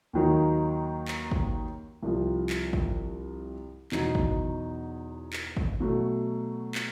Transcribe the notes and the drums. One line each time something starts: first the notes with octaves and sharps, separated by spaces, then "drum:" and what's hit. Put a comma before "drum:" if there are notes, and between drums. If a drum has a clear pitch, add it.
D#2 D#3 F#3 A#3 D#4
drum: clap
drum: kick
C2 C3 F3
drum: clap
drum: kick
E2 B2 F#3 B3 D#4, drum: clap
drum: kick
drum: clap
drum: kick
B2 F#3 A3
drum: clap